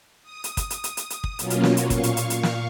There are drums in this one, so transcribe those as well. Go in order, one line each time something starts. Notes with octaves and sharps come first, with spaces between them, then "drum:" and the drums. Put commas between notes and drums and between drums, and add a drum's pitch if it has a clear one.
D#6
drum: hi-hat
drum: kick, hi-hat
drum: hi-hat
drum: hi-hat
drum: hi-hat
drum: hi-hat
drum: kick
B2 F#3 A#3 C#4 F4, drum: hi-hat
drum: hi-hat
drum: snare
drum: hi-hat
A#2 F5 C#6, drum: kick, hi-hat
drum: hi-hat
drum: hi-hat
drum: hi-hat
drum: snare